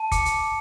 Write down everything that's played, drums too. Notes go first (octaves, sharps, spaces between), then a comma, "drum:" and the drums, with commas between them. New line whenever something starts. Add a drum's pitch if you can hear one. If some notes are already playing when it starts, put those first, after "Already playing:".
Already playing: A5
D6 C#7, drum: kick, hi-hat
drum: hi-hat